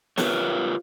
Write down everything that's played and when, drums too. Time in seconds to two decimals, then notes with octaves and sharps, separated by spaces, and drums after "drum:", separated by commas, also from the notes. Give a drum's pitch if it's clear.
0.18 F4 G4 A#4 B4 C#5, drum: snare